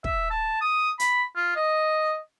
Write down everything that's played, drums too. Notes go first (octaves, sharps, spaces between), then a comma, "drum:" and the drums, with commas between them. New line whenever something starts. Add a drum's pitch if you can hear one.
E5, drum: kick
A5
D#6
B5, drum: hi-hat
F4
D#5